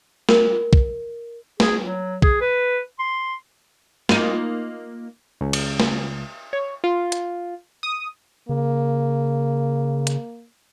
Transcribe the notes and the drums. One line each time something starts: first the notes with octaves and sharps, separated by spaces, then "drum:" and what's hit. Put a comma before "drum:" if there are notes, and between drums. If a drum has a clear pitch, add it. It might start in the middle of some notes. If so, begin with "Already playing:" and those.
A#4, drum: snare
drum: kick
G#4, drum: snare
F#3
G#4, drum: kick
B4
C6
A#3 D#4 F4, drum: snare
C#2
drum: cymbal
drum: snare
C#5
F4
drum: hi-hat
D#6
C#3 A#3
drum: hi-hat